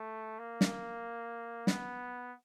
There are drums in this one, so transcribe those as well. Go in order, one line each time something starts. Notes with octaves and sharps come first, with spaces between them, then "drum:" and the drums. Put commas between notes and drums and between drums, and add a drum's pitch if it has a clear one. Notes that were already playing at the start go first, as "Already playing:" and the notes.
Already playing: A3
A#3
drum: snare
B3, drum: snare